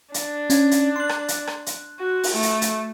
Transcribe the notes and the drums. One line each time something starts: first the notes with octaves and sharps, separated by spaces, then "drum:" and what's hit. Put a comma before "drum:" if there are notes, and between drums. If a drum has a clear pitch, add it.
D4, drum: hi-hat
C#4, drum: hi-hat
drum: hi-hat
C6 F#6
drum: rim click
drum: hi-hat
drum: rim click
drum: hi-hat
F#4
drum: open hi-hat
A3
drum: hi-hat
drum: hi-hat